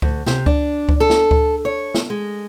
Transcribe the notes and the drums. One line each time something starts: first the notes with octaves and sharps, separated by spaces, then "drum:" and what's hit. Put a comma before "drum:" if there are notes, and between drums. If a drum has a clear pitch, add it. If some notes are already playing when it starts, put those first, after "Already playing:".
D2, drum: kick C#2
C3, drum: snare
D4, drum: kick C#2
drum: kick C#2
A4
drum: snare
drum: kick C#2
C#5
drum: snare
G#3